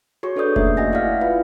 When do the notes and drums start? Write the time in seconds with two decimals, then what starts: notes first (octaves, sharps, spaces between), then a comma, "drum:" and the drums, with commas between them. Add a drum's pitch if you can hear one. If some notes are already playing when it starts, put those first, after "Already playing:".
0.23 F#4 G#4 C#5 C#6
0.36 D4 A4 B4 D5 D#6 G6
0.56 A3 A#3 C#4 E5 G6 C7, drum: kick F1
0.77 F#4 D#5 F#5 G#5 A#6
0.92 E4 D5 E5 F5 F6
1.21 E4 F4 B4